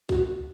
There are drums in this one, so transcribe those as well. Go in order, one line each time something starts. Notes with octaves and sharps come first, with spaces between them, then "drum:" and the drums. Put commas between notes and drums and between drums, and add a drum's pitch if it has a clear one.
F#4, drum: kick